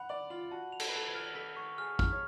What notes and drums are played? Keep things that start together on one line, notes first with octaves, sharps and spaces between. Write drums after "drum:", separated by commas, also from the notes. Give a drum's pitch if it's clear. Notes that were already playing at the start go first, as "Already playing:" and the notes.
Already playing: F#5 B5
D5 F#7
F4 F#7
F#4 A5
F7
A4, drum: cymbal
B4
A4 F7
B4
F6
A4 B6
C#6
G#4 F6
F6, drum: kick
C#5